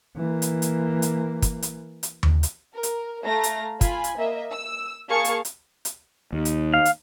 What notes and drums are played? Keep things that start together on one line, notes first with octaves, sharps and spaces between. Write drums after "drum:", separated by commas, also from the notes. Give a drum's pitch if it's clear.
E3 A#3
drum: hi-hat
drum: hi-hat
drum: hi-hat
drum: kick, hi-hat
drum: hi-hat
drum: hi-hat
drum: tom D#2
drum: hi-hat
A#4
drum: hi-hat
A3 F5 A#5 A#6
drum: hi-hat
F4 G#5 B5, drum: kick, hi-hat
drum: hi-hat
A#3 D#5 E5
E6
A#3 G#4 F5 A5 C#6 C#7
drum: hi-hat
drum: hi-hat
drum: hi-hat
D#2
drum: hi-hat
F5
drum: hi-hat